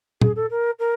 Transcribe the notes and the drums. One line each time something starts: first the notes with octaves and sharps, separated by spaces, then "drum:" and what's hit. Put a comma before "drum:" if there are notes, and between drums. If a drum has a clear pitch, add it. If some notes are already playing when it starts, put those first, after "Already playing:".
G#4, drum: tom A#2
A4
A#4
A#4